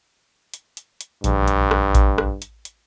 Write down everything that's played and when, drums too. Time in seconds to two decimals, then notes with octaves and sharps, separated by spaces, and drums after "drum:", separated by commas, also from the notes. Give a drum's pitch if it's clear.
0.54 drum: hi-hat
0.77 drum: hi-hat
1.01 drum: hi-hat
1.24 A#1 G2, drum: hi-hat
1.48 drum: hi-hat
1.71 drum: rim click
1.95 drum: kick A1, hi-hat
2.18 drum: rim click
2.42 drum: hi-hat
2.65 drum: hi-hat